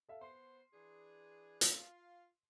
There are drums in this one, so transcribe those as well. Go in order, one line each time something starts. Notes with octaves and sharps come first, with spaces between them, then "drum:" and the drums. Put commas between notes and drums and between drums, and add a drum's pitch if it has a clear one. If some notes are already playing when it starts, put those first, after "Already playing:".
A4 E5 F5
B3 C5 C6
E3 D4 G#4
drum: hi-hat
F4 F5